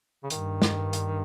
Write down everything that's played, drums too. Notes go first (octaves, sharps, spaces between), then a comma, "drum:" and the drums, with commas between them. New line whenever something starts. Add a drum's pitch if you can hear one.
C#3
G2 D#3, drum: hi-hat
drum: snare
drum: hi-hat